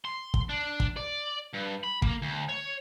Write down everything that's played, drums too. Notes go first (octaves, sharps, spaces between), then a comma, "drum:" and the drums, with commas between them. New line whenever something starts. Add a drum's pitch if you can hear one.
C6
drum: kick
D4
drum: kick
D5
G2
B5
A#3, drum: kick
D2
C#5